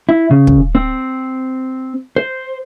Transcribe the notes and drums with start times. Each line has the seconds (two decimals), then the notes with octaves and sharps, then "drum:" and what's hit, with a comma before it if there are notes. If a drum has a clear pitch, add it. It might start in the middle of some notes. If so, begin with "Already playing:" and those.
0.09 E4
0.31 C#3
0.47 drum: kick
0.75 C4
2.16 C5